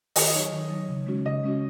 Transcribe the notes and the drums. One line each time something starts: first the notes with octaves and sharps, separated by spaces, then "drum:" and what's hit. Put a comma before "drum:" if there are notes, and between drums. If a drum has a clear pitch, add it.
D#3 D#5, drum: open hi-hat
D#5
F#3 D#4 C#5
D#3
F#3 D#4
C#3
G#3 C#4 F#4
C#3 D#5
G#3 C#4 F#4